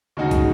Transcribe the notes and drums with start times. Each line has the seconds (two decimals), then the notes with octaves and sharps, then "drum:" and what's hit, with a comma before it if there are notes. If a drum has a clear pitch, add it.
0.17 D#2 C#3 G#3 D#4 F#4
0.31 drum: kick, hi-hat